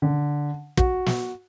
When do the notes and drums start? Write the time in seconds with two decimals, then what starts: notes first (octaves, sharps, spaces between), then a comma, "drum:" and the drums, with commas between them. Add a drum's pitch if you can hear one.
0.02 D3
0.77 F#4, drum: kick
1.06 drum: snare